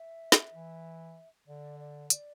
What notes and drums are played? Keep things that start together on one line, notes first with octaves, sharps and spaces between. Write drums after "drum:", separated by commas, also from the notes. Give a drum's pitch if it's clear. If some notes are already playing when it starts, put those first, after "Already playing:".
Already playing: E5
drum: snare
E3
D3 D5
D5
D5, drum: hi-hat